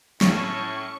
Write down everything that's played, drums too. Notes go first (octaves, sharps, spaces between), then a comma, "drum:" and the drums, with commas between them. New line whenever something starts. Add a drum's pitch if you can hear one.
A2 C#4 C#6, drum: snare